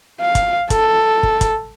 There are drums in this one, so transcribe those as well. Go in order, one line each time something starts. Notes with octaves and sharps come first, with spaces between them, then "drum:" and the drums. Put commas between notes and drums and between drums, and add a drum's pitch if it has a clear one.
F5
drum: kick, hi-hat
A4, drum: kick, hi-hat
drum: kick
drum: kick, hi-hat